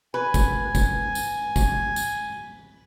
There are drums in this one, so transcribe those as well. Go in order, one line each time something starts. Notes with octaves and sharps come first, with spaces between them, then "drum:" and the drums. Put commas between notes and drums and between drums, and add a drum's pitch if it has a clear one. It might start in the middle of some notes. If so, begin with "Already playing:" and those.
B4 G#5
drum: kick, tambourine
drum: kick, tambourine
drum: tambourine
drum: kick, tambourine
drum: tambourine